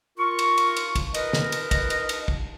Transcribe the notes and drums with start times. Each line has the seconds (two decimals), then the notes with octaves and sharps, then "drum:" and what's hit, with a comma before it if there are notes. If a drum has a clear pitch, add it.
0.18 F4 A#4 C#6
0.39 drum: cymbal
0.58 drum: cymbal
0.77 drum: cymbal
0.95 drum: kick, cymbal
1.14 A#4 B4 D#5, drum: cymbal
1.33 drum: snare
1.52 drum: cymbal
1.71 drum: kick, cymbal
1.90 drum: cymbal
2.09 drum: cymbal
2.28 drum: kick